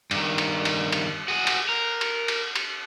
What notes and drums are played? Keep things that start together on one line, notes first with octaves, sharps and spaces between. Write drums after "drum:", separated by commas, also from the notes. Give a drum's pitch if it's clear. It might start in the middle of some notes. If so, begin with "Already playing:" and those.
G2 D#3, drum: cymbal
drum: cymbal
drum: cymbal
drum: cymbal
F#4 G#4
drum: cymbal
A#4
drum: cymbal
drum: cymbal
drum: cymbal